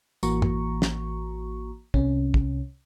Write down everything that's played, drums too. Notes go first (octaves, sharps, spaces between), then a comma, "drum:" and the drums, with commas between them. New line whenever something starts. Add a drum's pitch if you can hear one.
A1 E3 A#3 F#4 A#5 C#6, drum: tambourine
drum: tom
drum: snare
C2 C3 C#4, drum: kick
drum: kick